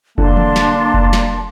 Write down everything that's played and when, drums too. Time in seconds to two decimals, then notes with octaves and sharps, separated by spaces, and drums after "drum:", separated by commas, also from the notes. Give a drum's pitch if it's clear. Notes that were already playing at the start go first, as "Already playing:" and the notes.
0.18 D3 A#3 D4 A5 C6, drum: kick F1
0.37 drum: tom
0.56 drum: snare
0.94 drum: kick F1
1.13 drum: snare